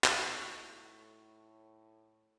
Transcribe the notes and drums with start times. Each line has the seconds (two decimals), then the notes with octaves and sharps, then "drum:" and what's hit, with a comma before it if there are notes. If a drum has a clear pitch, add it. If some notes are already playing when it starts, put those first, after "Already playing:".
0.04 drum: clap
0.17 A2 D#4 F#4 A4 C#6